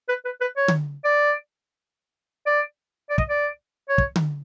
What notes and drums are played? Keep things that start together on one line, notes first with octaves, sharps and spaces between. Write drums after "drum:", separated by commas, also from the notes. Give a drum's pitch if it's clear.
B4
B4
B4
C#5
drum: tom D3
D5
D5
D5
D#5, drum: kick
D5
C#5
drum: kick
drum: tom D3